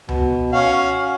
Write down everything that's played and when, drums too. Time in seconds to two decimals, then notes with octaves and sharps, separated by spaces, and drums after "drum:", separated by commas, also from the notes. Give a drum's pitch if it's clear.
0.09 B2, drum: tom C#2
0.52 C#4 F#4 F5